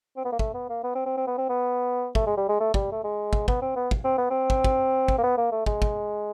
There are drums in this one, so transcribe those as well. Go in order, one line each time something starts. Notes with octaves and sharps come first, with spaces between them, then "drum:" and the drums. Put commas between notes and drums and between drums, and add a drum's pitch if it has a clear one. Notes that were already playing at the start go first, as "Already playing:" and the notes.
C4
B3
A#3
A3, drum: kick
B3
A#3
B3
C4
C4
C4
B3
C4
B3
A3, drum: kick
G#3
G3
G#3
A3
G3, drum: kick
A3
G#3
drum: kick
B3, drum: kick
C4
B3
drum: kick
C4
B3
C4
drum: kick
drum: kick
drum: kick
A#3
B3
A#3
A3
G#3, drum: kick
drum: kick